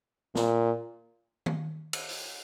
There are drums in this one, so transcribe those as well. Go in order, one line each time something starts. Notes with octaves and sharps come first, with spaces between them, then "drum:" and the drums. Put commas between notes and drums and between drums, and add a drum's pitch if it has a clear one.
A#2, drum: snare
drum: tom D#3
drum: cymbal
drum: open hi-hat